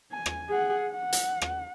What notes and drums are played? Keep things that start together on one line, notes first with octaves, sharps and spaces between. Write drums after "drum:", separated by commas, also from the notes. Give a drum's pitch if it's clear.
G#5
drum: rim click
G#4 F#5
F#5
drum: hi-hat
drum: rim click